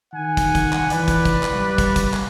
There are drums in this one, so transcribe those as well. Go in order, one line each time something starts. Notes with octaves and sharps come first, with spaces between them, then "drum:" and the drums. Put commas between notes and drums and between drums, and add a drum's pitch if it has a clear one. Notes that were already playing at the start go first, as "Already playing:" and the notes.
D#3 F#5 G#5
drum: kick, hi-hat
drum: kick, hi-hat
drum: clap
E3 B4 D5, drum: hi-hat
drum: kick, hi-hat
drum: kick, hi-hat
drum: clap
G3
drum: kick, hi-hat
drum: kick, hi-hat
drum: clap